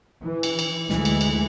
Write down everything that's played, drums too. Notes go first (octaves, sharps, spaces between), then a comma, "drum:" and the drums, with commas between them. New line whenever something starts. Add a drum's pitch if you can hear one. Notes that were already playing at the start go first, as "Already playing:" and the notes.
E3
drum: cymbal
drum: cymbal
D2 E3 G#3, drum: snare
drum: cymbal
drum: cymbal